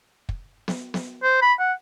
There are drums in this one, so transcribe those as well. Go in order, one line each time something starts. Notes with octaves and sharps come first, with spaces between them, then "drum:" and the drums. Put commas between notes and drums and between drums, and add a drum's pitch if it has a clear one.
drum: kick
drum: snare B3
drum: snare B3
C5
B5
F#5